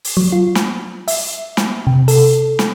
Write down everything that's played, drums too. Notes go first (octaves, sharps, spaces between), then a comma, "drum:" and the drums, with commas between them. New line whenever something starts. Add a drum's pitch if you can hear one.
drum: open hi-hat
F#3
F4
drum: snare
E5, drum: open hi-hat
drum: snare
C3
A4, drum: open hi-hat
drum: snare